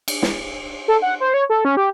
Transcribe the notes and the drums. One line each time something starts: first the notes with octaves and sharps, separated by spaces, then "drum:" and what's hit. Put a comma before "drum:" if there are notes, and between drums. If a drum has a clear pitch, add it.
drum: cymbal
drum: snare
A4
F#5
C5
C#5
A4
C#4
G4